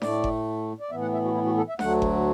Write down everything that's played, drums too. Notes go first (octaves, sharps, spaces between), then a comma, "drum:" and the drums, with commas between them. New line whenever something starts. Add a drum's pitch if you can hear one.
A2 A3 D5, drum: snare D4
drum: kick G1
D5
A2 E3 B3 E5
F#5
E5
F#4
E4
F#4
A4
E5
D2 D3 F#3 A3 F#5, drum: snare D4
drum: kick G1